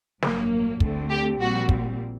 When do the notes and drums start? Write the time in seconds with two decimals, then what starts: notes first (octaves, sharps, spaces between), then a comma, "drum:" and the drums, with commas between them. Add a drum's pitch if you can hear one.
0.22 A1 G2 F#3 A#3, drum: snare
0.80 D2 D3 A3 C4, drum: kick
1.10 G4
1.39 A#1 A#2 G3 C4 F#4
1.69 drum: kick